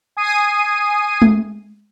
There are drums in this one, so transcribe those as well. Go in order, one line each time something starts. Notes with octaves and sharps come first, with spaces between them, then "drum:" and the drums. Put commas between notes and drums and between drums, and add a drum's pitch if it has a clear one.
G#5 D#6 C7 D#7
drum: tom G#3